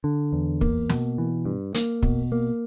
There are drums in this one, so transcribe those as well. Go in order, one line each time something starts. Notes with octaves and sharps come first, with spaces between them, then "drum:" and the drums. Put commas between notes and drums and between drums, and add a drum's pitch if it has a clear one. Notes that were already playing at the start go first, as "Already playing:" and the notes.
D3
E2
A#3, drum: kick
B2, drum: snare
E3
G2
A#3, drum: hi-hat
B2, drum: kick
A#3